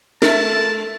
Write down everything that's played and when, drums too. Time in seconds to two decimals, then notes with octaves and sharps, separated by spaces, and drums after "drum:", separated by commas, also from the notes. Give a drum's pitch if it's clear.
0.22 G#3 A4 A#4 E5 A5, drum: snare